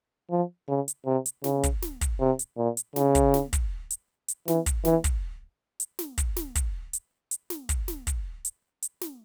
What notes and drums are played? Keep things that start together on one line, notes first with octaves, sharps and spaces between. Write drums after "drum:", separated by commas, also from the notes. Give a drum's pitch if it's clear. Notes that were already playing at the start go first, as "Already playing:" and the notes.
F3
C#3
drum: hi-hat
C3
drum: hi-hat
C#3, drum: snare
drum: kick, hi-hat
drum: snare
drum: kick, hi-hat
C3
drum: hi-hat
A#2
drum: hi-hat
C#3, drum: snare
drum: kick, hi-hat
drum: snare
drum: kick, hi-hat
drum: hi-hat
drum: hi-hat
E3, drum: snare
drum: kick, hi-hat
E3, drum: snare
drum: kick, hi-hat
drum: hi-hat
drum: snare
drum: kick, hi-hat
drum: snare
drum: kick, hi-hat
drum: hi-hat
drum: hi-hat
drum: snare
drum: kick, hi-hat
drum: snare
drum: kick, hi-hat
drum: hi-hat
drum: hi-hat
drum: snare